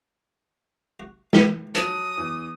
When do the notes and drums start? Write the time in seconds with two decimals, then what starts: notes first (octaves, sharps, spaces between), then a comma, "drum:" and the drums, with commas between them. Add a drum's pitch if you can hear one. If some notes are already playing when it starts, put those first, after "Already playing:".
1.00 F#4
1.33 A#2 B3, drum: snare
1.75 F3 F#3 A5 D#6, drum: hi-hat
2.18 E2